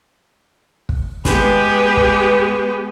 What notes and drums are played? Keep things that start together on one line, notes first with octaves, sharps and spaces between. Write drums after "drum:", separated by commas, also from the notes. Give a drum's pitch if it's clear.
drum: kick
G#3 B3 G4 G#4 B4, drum: snare
drum: kick